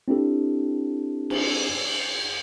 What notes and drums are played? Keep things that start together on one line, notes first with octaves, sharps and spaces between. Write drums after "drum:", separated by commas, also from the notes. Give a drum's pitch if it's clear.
C4 D4 E4 G4 A4
drum: cymbal